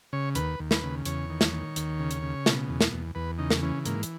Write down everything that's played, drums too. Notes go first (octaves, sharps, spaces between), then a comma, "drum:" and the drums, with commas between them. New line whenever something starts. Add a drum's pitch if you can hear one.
C#3 C#5
D#2 B4, drum: hi-hat
D#2
B4, drum: snare
C#3
E2 C#5, drum: hi-hat
D#3
drum: snare
D#3
D#2, drum: hi-hat
C#3
drum: hi-hat
C#3
B2, drum: snare
E2
drum: snare
E2
E2 B4
C#3 D#4
drum: snare
E3 C#4
G#2 A#3, drum: hi-hat
drum: hi-hat